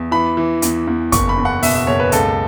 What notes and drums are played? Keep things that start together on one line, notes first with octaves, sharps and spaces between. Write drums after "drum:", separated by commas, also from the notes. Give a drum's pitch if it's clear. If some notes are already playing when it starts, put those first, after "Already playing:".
Already playing: E2
E3 B5
E3
E2, drum: hi-hat
E2
F#1 C#6, drum: kick, hi-hat
B5
E2
F#5
B2 E5, drum: open hi-hat
E5
F#1 C#5
B4
C#2 A4, drum: hi-hat